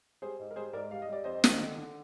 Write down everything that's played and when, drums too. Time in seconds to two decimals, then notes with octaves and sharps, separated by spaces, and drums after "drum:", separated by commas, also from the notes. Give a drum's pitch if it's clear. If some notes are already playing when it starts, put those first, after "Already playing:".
0.22 G3 G#4 C5
0.39 G#2
0.51 A#4
0.56 G3 G#4 C5
0.73 G#2 A#4 D5
0.91 G3 F5
1.02 D#5
1.09 G3 D5
1.24 F2 C5 D#5
1.44 D#3, drum: snare
1.60 D3
1.78 D3